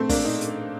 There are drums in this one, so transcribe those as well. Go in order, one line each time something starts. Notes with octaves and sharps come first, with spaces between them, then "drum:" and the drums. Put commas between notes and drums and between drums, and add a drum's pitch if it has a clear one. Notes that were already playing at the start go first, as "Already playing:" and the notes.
Already playing: A3 C4
A#3 D4, drum: kick, open hi-hat
D#4
drum: hi-hat